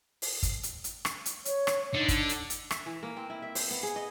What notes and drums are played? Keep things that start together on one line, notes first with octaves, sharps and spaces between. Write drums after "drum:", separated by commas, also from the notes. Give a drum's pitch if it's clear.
drum: open hi-hat
drum: kick, hi-hat
drum: hi-hat
drum: hi-hat
drum: rim click
drum: hi-hat
C#5, drum: hi-hat
drum: rim click
D3 D#4
drum: kick, hi-hat
drum: hi-hat
drum: hi-hat
E5, drum: rim click
E3
A#3
C4
E4
E5
C5, drum: open hi-hat
B3
G#4
D#5